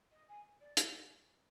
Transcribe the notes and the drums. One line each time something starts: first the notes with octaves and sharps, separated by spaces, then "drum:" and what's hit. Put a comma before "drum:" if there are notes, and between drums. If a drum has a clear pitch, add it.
D#5
G#5
D5
drum: hi-hat